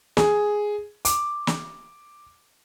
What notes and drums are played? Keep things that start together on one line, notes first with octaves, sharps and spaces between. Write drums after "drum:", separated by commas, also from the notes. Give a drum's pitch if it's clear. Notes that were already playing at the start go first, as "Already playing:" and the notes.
G#4, drum: snare
D6, drum: hi-hat
drum: snare